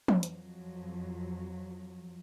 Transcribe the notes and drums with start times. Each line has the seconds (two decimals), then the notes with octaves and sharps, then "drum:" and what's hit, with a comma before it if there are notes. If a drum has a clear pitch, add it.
0.08 drum: tom
0.23 F2 F3 F#3, drum: hi-hat